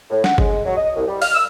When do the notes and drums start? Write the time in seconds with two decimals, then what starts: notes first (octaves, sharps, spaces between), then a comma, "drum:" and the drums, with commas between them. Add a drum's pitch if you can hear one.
0.11 A2
0.24 F#5, drum: snare
0.38 G#3, drum: kick G1
0.65 F#3
0.77 D#5
0.96 C2
1.08 G3
1.22 F6, drum: open hi-hat
1.35 E6